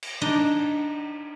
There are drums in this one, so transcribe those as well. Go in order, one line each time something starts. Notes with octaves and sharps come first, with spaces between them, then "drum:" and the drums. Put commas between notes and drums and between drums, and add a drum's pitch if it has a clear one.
drum: cymbal
D4 D#4 D#5